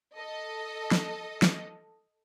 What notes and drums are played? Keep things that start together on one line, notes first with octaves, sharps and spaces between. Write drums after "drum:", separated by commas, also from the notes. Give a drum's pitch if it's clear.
A4 D#5
drum: snare
drum: snare